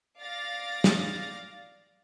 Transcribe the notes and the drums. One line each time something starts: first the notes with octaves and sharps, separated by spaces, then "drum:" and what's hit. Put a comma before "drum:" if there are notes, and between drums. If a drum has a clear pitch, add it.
D5 F5 A6 A#6
drum: snare